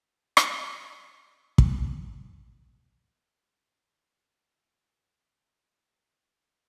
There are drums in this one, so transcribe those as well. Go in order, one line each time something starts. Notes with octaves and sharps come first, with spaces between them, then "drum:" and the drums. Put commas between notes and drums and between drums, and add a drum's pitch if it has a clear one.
A#3 D4 C5
drum: rim click
drum: kick
F#2 D#4 D5
G#5